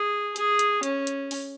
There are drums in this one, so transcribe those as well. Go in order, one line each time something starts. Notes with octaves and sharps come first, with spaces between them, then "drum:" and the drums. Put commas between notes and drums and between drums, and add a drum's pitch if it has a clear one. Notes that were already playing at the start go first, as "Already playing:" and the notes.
Already playing: G#4
G#4, drum: hi-hat
drum: hi-hat
C#4, drum: hi-hat
drum: hi-hat
drum: open hi-hat